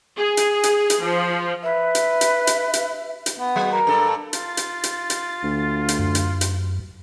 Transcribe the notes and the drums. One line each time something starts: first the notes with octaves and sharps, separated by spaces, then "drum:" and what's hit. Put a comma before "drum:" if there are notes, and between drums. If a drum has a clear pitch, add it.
G#4
drum: hi-hat
drum: hi-hat
drum: hi-hat
F3
B4 E5
drum: hi-hat
drum: hi-hat
drum: hi-hat
drum: hi-hat
drum: hi-hat
B3
F#3
A#4
G2 A4
F4 A6, drum: hi-hat
drum: hi-hat
drum: hi-hat
drum: hi-hat
D2
drum: hi-hat
F#2
drum: hi-hat
drum: hi-hat